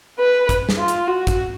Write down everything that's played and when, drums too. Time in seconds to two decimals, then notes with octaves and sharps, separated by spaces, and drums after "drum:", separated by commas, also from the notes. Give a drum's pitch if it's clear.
0.20 B4
0.49 drum: kick, hi-hat
0.69 drum: snare
0.78 F4
0.88 drum: hi-hat
1.07 F#4
1.27 drum: kick, hi-hat